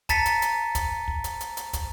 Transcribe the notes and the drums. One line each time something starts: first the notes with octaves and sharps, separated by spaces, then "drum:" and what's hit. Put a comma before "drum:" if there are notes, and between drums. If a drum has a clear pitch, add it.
A5 A#5 A6 B6 C#7 D#7, drum: kick, hi-hat
drum: hi-hat
drum: hi-hat
drum: kick, hi-hat
drum: kick
drum: hi-hat
drum: hi-hat
drum: hi-hat
drum: kick, hi-hat